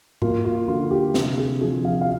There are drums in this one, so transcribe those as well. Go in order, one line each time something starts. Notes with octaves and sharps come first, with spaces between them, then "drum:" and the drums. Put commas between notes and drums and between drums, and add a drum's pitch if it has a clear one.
A#3 F4, drum: tom G#2
F4
D3 F4
G4
C3, drum: snare
G#4
F3 G#4
F5
F5